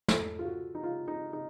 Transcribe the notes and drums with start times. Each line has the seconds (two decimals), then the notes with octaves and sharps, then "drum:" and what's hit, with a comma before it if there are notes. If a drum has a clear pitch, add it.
0.08 A4, drum: snare
0.39 F4
0.45 F#4
0.75 D#4
0.83 F4
1.08 D#4
1.33 D#4